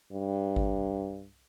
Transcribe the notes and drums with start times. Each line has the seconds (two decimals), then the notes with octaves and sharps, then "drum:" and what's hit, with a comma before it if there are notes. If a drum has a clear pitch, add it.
0.12 G2
0.56 drum: kick G#1